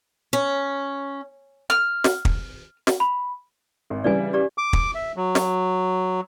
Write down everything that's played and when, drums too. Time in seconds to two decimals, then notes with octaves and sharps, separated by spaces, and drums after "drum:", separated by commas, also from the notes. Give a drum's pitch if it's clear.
0.33 C#4
1.70 F6
2.04 drum: snare
2.25 drum: kick
2.87 drum: snare
3.00 B5
3.90 G#1
4.04 C#3 E3 G3 D5 G#5
4.33 G4 D5 D6
4.58 D6
4.73 drum: kick
4.95 E5
5.17 F#3
5.35 drum: snare